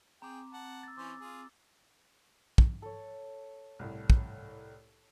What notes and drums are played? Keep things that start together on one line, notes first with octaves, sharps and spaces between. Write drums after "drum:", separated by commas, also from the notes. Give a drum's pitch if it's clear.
C4 G#4 G5 A#5 D6
F#5 A5
E6 A6
E3 C#4 C5 D6
F4 G#4
drum: kick
A4 C#5
C2 A2
drum: kick